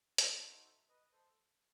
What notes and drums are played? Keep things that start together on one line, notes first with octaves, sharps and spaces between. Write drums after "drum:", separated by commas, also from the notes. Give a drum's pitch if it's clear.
D#4 F#4 A4 C5 E5, drum: hi-hat
B4 D#5
D#5
A4 C5